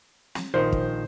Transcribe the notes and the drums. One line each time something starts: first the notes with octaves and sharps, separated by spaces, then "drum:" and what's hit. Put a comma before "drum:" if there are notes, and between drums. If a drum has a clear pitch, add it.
drum: snare
A#1 D#3 F3 C5
drum: kick